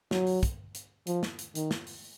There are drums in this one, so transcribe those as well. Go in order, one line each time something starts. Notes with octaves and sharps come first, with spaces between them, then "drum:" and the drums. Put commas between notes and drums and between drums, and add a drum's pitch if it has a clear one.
F#3, drum: snare
drum: open hi-hat
drum: kick, hi-hat
drum: hi-hat
F3, drum: hi-hat
drum: snare
drum: hi-hat
D#3, drum: hi-hat
drum: snare
drum: open hi-hat